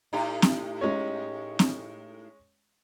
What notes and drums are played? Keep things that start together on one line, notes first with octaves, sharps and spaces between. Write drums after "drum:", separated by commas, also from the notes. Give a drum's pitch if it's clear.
A2 D#4 G4
drum: snare C4
G#3 C#4 C#5
drum: snare C4